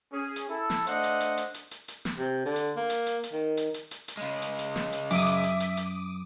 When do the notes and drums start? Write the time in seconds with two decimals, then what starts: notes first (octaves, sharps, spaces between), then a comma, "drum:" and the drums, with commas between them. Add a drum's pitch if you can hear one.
0.13 C#4 G#4
0.36 drum: hi-hat
0.49 E4 A4
0.70 drum: snare
0.87 A3 D4 C5 D#5 F#5, drum: hi-hat
1.04 drum: hi-hat
1.21 drum: hi-hat
1.37 drum: hi-hat
1.54 drum: hi-hat
1.71 drum: hi-hat
1.88 drum: hi-hat
2.05 drum: snare
2.17 C3
2.45 D3
2.56 drum: hi-hat
2.76 A#3
2.90 drum: hi-hat
3.07 drum: hi-hat
3.23 drum: hi-hat
3.33 D#3
3.57 drum: hi-hat
3.74 drum: hi-hat
3.91 drum: hi-hat
4.08 drum: hi-hat
4.17 C#3 G#3
4.42 drum: hi-hat
4.59 drum: hi-hat
4.76 drum: snare
4.93 drum: hi-hat
5.11 F#2 E5 D6 D#6, drum: hi-hat
5.26 drum: hi-hat
5.43 drum: hi-hat
5.60 drum: hi-hat
5.77 drum: hi-hat